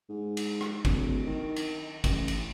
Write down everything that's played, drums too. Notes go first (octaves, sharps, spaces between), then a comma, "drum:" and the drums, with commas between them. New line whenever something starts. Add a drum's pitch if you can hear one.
G#2
drum: cymbal
drum: rim click
D1, drum: kick, cymbal
D#3
drum: cymbal
A1, drum: kick, cymbal
drum: cymbal